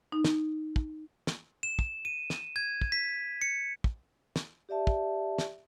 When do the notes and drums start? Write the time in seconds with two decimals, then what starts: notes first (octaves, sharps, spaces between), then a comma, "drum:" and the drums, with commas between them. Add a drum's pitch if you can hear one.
0.12 D#4
0.24 drum: snare
0.76 drum: kick
1.27 drum: snare
1.63 E7
1.79 drum: kick
2.05 D#7
2.30 drum: snare
2.56 G#6
2.81 drum: kick
2.92 B6
3.41 C#7
3.84 drum: kick
4.36 drum: snare
4.69 G4 D5 E5 A5
4.87 drum: kick
5.38 drum: snare